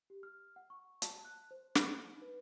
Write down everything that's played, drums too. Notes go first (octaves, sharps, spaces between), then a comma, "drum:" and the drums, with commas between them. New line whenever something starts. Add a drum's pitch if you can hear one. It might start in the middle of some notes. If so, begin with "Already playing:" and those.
G4
F6
F#5
C#6
A5, drum: hi-hat
F#6
C5
B5, drum: snare
D#4
B4